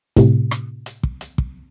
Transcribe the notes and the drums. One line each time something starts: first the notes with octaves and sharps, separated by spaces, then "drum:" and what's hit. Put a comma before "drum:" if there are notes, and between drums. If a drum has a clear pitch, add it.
A2 C3, drum: kick, hi-hat
drum: rim click
drum: hi-hat
drum: kick
drum: hi-hat
drum: kick